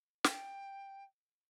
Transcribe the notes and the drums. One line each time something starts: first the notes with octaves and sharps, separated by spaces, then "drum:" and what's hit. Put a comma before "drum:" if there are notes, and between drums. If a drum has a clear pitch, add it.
G5, drum: snare